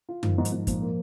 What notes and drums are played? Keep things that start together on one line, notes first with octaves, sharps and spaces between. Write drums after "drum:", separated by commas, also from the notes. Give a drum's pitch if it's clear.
F4
D#3 F3, drum: tom F#2
G#2
F3, drum: hi-hat
G#2
A#2 F3, drum: kick, hi-hat
A#3